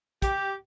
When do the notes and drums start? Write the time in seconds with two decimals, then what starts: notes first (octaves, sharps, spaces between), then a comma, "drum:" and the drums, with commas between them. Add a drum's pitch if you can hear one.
0.22 G4, drum: kick, hi-hat